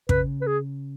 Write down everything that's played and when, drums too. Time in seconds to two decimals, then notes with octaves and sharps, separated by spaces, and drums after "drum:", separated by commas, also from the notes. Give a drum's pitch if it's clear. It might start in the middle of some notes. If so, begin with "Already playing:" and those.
0.09 C#3 B4, drum: kick
0.41 B4
0.47 G#4